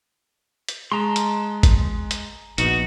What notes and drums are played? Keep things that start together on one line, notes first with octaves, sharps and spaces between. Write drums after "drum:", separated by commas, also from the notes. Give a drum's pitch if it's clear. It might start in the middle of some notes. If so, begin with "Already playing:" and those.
drum: hi-hat
G#3 A5 A#5 C6
drum: hi-hat
drum: kick G#1, hi-hat
drum: hi-hat
A#1 B3 D#4 F#4, drum: hi-hat